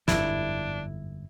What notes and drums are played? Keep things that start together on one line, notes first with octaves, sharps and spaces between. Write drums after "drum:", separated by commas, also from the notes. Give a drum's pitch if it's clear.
G1 F2 G#2 D4 E4, drum: snare